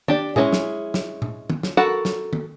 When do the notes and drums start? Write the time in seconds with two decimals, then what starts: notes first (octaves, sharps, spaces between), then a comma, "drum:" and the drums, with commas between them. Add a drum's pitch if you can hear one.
0.08 D4 G4 D5, drum: tom
0.36 G#3 B3 C#4 E4 G#4, drum: tom A#2
0.53 drum: snare
0.94 drum: snare
1.22 drum: tom A#2
1.50 drum: tom
1.63 drum: snare
1.77 F#4 A4 A#4 F#5 B5
2.05 drum: snare
2.33 drum: tom